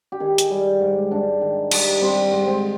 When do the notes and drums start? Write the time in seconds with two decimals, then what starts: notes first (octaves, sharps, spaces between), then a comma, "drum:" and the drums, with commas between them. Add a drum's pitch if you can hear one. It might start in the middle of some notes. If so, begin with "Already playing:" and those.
0.12 G4
0.20 D#3 G#4
0.38 drum: hi-hat
0.51 G3
0.81 G#2
1.11 G#2 D4
1.41 D#3
1.71 G3, drum: cymbal
2.01 G3 C4
2.32 G#2
2.47 C4